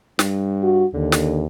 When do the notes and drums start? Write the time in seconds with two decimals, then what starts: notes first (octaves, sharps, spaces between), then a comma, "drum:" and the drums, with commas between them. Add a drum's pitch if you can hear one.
0.19 G2, drum: snare
0.63 F#4
0.94 D#2 D3
1.12 drum: snare